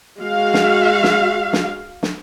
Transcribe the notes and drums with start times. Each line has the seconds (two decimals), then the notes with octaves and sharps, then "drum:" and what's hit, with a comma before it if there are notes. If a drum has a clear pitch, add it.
0.21 G#3 F#4 F5
0.54 drum: snare
1.03 drum: snare
1.53 drum: snare
2.03 drum: snare